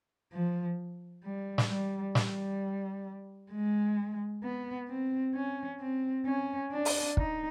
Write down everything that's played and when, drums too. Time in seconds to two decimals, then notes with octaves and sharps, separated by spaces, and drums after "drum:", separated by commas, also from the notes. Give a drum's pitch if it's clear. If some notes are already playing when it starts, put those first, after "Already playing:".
0.33 F3
1.24 G3
1.58 drum: snare
1.70 G3
2.15 G3, drum: snare
3.52 G#3
4.43 B3
4.88 C4
5.35 C#4
5.80 C4
6.26 C#4
6.72 D4
6.85 drum: open hi-hat
7.17 D#4, drum: kick